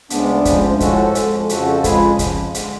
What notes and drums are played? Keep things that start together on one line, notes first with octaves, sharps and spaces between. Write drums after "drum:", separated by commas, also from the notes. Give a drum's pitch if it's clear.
D2 C#3 G#3 B3 D4, drum: hi-hat
D2 C#3 F3 G#3, drum: kick, hi-hat
A2 F3 G#3 F#4 A4, drum: kick, hi-hat
F2 F3 G#3, drum: hi-hat
F2 C#3 F3 F#4 A4, drum: hi-hat
F#4 A4
F2 C#3 G#3 G#4 B4, drum: kick, hi-hat
F2 C#3 F3, drum: kick, hi-hat
D3 G#3, drum: hi-hat